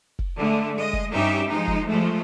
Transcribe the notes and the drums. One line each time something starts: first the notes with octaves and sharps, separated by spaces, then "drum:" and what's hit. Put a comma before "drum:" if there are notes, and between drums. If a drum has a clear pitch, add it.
drum: kick
D3 G#3 A3
G#3 D#5
drum: kick
G2 C#4 D#4 G4 E5
F3 G#3 D#4
drum: kick
F3 G#3 A3